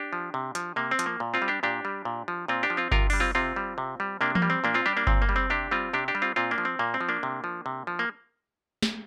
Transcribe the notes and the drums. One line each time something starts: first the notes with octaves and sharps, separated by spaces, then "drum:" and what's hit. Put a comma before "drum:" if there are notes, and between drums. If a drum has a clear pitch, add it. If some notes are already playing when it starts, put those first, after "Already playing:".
Already playing: D4 G4
F3
C3
F3, drum: hi-hat
C3 A#3
C4
F3, drum: hi-hat
A#3
A#2
C4 F4
G3
D4 G4
A#2 D4 G4
G3
A#2
F3
A#2 C4 F4
D4 G4
F3
C4 F4
C3 F4 A#4, drum: kick G1
G3 D4, drum: open hi-hat
C4 F4
C3 C4 F4
G3
C3
G3
C3 A#3 D4
A#3, drum: tom E3
G3
C4
A#2 A#3 D4
C4 F4
G3 D4 G4
A#3 D4
A#2 C4, drum: kick G1
A#3
G3
C4
C3 D4 G4
G3 C4 F4
C3 D4 G4
D4 G4
G3
C4 F4
A#2 C4 F4
A#3 D4
F3
C4
A#2 A#3
C4
F3
A#3 D4
C3
F3
C3
F3
A#3
drum: snare